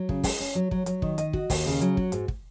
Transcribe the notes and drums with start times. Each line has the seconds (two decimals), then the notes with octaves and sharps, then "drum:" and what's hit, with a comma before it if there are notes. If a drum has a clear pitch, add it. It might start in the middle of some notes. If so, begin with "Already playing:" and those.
Already playing: F#3
0.09 C#3, drum: kick
0.23 G#3, drum: kick, open hi-hat
0.40 C#4
0.55 F#3
0.71 F#3, drum: kick
0.86 F#3, drum: hi-hat
1.02 D#3, drum: kick
1.18 D#5, drum: hi-hat
1.33 F#4, drum: kick
1.50 D#2, drum: kick, open hi-hat
1.66 C#3
1.81 F#3, drum: hi-hat
1.97 F#4, drum: kick
2.12 G#2, drum: hi-hat
2.28 drum: kick